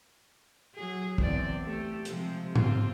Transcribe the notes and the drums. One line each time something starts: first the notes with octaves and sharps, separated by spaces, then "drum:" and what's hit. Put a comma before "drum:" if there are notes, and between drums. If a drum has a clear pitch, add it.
F#3 G#4
E2 C4 D5, drum: kick
A3 G4 A4
C3 F3 G#3, drum: hi-hat
C4 F4, drum: tom G#2